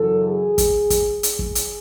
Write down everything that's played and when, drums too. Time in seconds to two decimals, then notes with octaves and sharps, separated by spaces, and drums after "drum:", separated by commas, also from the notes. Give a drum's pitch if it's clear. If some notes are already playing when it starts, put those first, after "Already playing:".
Already playing: F#2 C#3 E3 A4
0.25 G#4
0.58 drum: kick, hi-hat
0.90 drum: kick, hi-hat
1.23 G#4, drum: hi-hat
1.39 drum: kick
1.55 drum: hi-hat